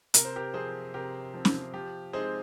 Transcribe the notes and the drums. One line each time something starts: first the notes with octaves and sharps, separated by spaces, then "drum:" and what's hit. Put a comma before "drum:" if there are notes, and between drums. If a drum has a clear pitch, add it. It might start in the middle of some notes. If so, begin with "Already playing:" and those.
C3 A#4, drum: hi-hat
C5
G4 A#4
F3 C4 G#4 C5
C3 G4 A#4
F3 C4
drum: snare C#4
F3 G4
G#3 C4 D#4 G#4 C5